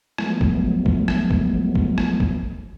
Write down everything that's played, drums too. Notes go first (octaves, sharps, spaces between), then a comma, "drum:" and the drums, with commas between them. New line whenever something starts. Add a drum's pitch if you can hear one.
F3 F#3 G#3 A3 B3, drum: rim click
drum: kick
drum: kick
drum: rim click
drum: kick
drum: kick
drum: rim click
drum: kick